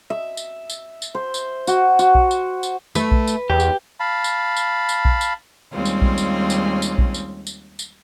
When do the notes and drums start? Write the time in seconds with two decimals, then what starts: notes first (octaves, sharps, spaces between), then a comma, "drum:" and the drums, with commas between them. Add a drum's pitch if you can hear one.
0.10 E5
0.37 drum: tambourine
0.70 drum: tambourine
1.02 drum: tambourine
1.15 C5
1.34 drum: tambourine
1.67 F#4, drum: tambourine
1.99 F#4, drum: tambourine
2.15 drum: kick A#1
2.31 drum: tambourine
2.63 drum: tambourine
2.95 A3 B4, drum: tambourine
3.11 drum: kick A#1
3.28 drum: tambourine
3.50 E2 G4
3.60 drum: tambourine
4.00 F5 A5 B5
4.24 drum: tambourine
4.56 drum: tambourine
4.89 drum: tambourine
5.05 drum: kick A#1
5.21 drum: tambourine
5.71 D#2 G3 G#3 C4 C#4 F4
5.85 drum: tambourine
6.02 drum: kick A#1
6.18 drum: tambourine
6.50 drum: tambourine
6.82 drum: tambourine
6.98 drum: kick A#1
7.14 drum: tambourine
7.47 drum: tambourine
7.79 drum: tambourine